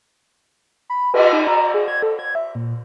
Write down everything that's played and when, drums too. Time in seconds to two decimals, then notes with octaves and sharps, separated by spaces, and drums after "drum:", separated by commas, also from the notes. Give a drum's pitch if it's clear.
0.90 B5
1.14 B4, drum: cymbal
1.32 D#4
1.47 A#5
1.74 G#4
1.88 G#6
2.02 A4
2.19 G#6
2.35 E5
2.55 A#2